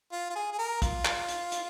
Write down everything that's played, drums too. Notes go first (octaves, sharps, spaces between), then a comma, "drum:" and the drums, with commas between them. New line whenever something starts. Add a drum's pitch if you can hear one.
F4
F4
G#4
G#4
A#4
F4, drum: kick, hi-hat
drum: clap
drum: hi-hat
drum: hi-hat